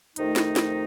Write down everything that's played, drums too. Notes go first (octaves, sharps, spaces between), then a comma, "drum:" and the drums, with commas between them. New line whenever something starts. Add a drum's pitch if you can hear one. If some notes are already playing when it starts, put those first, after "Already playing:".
F2 C3 D#3 A3 D#4, drum: hi-hat
drum: snare
drum: snare